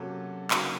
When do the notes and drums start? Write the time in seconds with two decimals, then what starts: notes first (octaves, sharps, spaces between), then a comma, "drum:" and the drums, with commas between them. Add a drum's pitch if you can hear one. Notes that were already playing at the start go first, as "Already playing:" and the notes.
Already playing: C3 F#3 A#3 C#4 A4
0.51 C#3 F#3 A#3 D#4 A#4, drum: clap